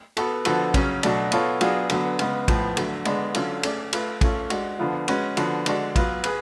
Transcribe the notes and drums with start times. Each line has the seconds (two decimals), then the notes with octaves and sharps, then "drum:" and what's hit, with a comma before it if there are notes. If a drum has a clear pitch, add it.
0.17 B3 F#4 A4, drum: cymbal
0.45 D3 F3 B3 F#4 A4, drum: cymbal
0.74 C#3 F#3 C#4, drum: kick, cymbal
1.03 B2 F#3 A3 D4, drum: cymbal
1.32 B3 F4 A4 C#5, drum: cymbal
1.61 F#3 B3 D4 F4 G#4, drum: cymbal
1.89 D3 F#3 B3, drum: cymbal
2.19 C#3 G#3 B3, drum: cymbal
2.48 A2 F3 B3, drum: kick, cymbal
2.77 D3 F#3 A3, drum: cymbal
3.05 D3 G#3 B3 D4, drum: cymbal
3.34 D3 F#3 C#4 F4 A4, drum: cymbal
3.63 A3 C#4 G#4 D5, drum: cymbal
3.93 A3 F4 B4, drum: cymbal
4.21 A3 C#4 F4 A4 C#5, drum: kick, cymbal
4.50 G#3 D4 F#4, drum: cymbal
4.79 D3 F3 B3 F4
5.08 G#3 C#4 F#4 B4, drum: cymbal
5.37 D3 F3 B3 F#4, drum: cymbal
5.66 D3 G#3 D4 F#4, drum: cymbal
5.96 F#3 B3 F4 B4, drum: kick, cymbal
6.24 G#4 B4, drum: cymbal